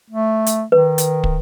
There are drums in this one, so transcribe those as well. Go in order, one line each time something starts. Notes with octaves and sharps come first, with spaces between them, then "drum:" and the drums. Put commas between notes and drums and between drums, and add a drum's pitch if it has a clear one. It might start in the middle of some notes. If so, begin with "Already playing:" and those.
A3
drum: hi-hat
D#3 B4
drum: hi-hat
drum: kick